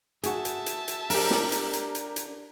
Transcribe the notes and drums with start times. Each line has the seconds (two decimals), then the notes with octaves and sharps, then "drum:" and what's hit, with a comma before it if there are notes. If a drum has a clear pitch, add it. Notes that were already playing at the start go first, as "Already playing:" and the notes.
0.23 F#4 G#4 E5 A5, drum: hi-hat
0.45 drum: hi-hat
0.66 drum: hi-hat
0.88 drum: hi-hat
1.10 D4 G4 A#4, drum: open hi-hat
1.30 drum: snare
1.52 drum: hi-hat
1.73 drum: hi-hat
1.95 drum: hi-hat
2.16 drum: hi-hat